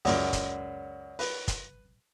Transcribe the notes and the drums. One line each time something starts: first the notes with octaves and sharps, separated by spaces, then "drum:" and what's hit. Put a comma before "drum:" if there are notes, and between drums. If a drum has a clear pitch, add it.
C#2 F#2 C#5 D5 F#5, drum: open hi-hat
drum: kick, hi-hat
B4, drum: open hi-hat
drum: kick, hi-hat